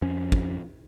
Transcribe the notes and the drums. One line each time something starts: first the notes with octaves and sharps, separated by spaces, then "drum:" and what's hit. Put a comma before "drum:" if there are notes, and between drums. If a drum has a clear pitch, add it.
F2 F3 C#4
drum: kick